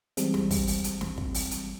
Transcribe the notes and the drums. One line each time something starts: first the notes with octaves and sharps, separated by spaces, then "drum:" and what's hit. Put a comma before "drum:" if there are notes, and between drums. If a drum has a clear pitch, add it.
E3 G3 G#3 C4, drum: hi-hat
drum: snare
drum: kick, open hi-hat
drum: open hi-hat
drum: hi-hat
drum: snare
drum: kick
drum: open hi-hat
drum: hi-hat